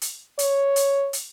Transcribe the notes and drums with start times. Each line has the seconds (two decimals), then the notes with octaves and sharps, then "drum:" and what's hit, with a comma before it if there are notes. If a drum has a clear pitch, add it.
0.02 drum: hi-hat
0.39 C#5, drum: hi-hat
0.76 drum: hi-hat
1.13 drum: hi-hat